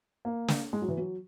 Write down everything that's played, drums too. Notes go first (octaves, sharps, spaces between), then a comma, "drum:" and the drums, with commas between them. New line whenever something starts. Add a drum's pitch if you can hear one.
A#3
drum: snare
G#3
F#3
E3
F#3